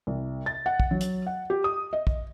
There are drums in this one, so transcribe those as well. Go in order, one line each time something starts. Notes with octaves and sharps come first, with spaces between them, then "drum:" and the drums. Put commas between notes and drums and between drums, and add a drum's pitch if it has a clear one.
C2
A6
F#5
drum: kick
F#3
drum: hi-hat
F#5
G4
D#6
D#5
drum: kick